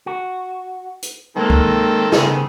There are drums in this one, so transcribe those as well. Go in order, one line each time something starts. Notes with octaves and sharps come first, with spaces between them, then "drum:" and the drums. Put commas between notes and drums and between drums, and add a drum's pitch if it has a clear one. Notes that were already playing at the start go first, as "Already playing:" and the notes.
F#4
drum: hi-hat
D#3 G#3 A#3 C4 A4
drum: kick C#2
C#3 B3 G#4, drum: snare